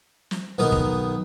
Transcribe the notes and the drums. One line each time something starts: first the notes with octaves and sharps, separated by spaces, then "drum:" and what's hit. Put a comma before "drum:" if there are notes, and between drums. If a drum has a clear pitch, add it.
drum: snare
B1 D#3 B3 D#4 A#4
drum: kick